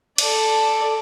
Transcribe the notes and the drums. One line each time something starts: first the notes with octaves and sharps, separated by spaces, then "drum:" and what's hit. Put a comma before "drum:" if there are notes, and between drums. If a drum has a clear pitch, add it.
A4 D5, drum: cymbal